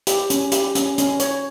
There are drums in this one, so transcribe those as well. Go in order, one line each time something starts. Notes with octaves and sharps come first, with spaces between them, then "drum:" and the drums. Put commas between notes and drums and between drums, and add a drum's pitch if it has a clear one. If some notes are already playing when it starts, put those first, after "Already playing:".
G4, drum: hi-hat
C#4, drum: hi-hat
G4, drum: hi-hat
C#4, drum: hi-hat
C#4, drum: hi-hat
C#5, drum: hi-hat